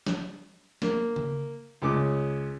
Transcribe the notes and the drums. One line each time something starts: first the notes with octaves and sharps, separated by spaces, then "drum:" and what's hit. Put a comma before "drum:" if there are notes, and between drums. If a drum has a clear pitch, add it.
drum: snare
A#3, drum: snare
drum: tom C#3
C#2 C#3 D6